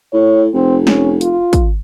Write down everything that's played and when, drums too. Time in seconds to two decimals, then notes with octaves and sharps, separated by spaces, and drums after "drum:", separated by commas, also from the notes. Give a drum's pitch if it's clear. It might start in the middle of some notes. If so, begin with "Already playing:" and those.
0.13 A2 C#5
0.54 F1 C4
0.87 C#4, drum: snare
1.21 F4, drum: hi-hat
1.53 drum: kick, hi-hat